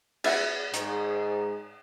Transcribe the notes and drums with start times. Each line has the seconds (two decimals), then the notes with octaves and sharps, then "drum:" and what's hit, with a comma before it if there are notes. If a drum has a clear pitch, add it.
0.24 B3 E5 F#5, drum: cymbal
0.74 G#2 D#3, drum: hi-hat